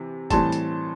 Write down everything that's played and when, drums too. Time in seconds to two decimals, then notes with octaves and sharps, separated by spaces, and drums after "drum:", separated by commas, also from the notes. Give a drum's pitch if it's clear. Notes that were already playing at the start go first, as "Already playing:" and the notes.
Already playing: C3 E3
0.30 A2 E3 G3 C4 A5 C6, drum: kick, hi-hat
0.52 drum: hi-hat